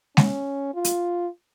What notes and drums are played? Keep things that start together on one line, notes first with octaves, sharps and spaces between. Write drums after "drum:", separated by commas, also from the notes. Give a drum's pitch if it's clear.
C#4, drum: snare G#3
F4
drum: hi-hat